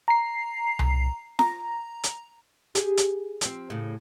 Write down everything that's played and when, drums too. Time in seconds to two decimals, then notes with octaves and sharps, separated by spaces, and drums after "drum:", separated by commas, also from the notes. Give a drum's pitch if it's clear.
0.08 A#5 C7
0.79 drum: tom C2
1.39 A#5, drum: snare F4
2.04 drum: hi-hat
2.75 G4 G#4, drum: hi-hat
2.97 drum: hi-hat
3.41 F3 C4, drum: hi-hat
3.70 A2 C#3